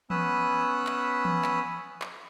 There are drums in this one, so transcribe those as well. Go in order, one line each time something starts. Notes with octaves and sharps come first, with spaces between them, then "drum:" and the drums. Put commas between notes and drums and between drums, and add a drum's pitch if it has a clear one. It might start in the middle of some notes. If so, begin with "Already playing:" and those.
B3 C#4 B5 D#6 E6 F#6, drum: tom E3
drum: clap
drum: tom E3
drum: clap
drum: clap